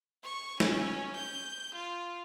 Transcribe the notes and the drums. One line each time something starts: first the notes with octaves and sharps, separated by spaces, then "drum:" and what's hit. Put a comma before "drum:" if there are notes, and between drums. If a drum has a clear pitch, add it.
C#6
C#4, drum: snare
G6
F4